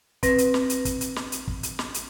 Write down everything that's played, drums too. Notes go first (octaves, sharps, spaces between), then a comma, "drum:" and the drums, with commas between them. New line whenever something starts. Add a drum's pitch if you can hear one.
C4 B4 A#6, drum: kick, hi-hat
drum: hi-hat
drum: snare
drum: hi-hat
drum: kick, hi-hat
drum: hi-hat
drum: snare
drum: hi-hat
drum: kick
drum: hi-hat
drum: snare
drum: hi-hat